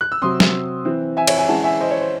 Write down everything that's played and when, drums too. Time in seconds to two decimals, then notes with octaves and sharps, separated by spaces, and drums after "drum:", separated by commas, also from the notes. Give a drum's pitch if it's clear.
0.01 F#6
0.12 E6
0.22 C3 F#3 C4 C6 D#6
0.40 drum: snare
0.85 E3 C4
1.17 E5 G#5
1.27 C#5 E5, drum: cymbal
1.38 E5 G#5
1.48 E3 G#3 C#4 F#5 A5
1.64 E5 G#5
1.80 C5 D#5
1.91 C#5
2.01 C5